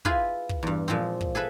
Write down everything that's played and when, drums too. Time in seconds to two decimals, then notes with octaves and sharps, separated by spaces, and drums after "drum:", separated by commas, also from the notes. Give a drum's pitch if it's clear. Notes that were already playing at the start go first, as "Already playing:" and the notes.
0.05 E4 F4 G#4 B4, drum: kick
0.49 drum: kick
0.63 E2 G2
0.88 A#2 F3 G#3 C4
1.21 drum: kick
1.35 G#4 A4 B4 E5